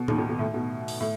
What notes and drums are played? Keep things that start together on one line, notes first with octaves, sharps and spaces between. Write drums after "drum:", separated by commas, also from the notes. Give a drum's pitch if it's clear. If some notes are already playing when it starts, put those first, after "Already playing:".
Already playing: B2
D#2 D#3, drum: tom A2
D#2 D#3
B2
A2
B2
drum: open hi-hat
A2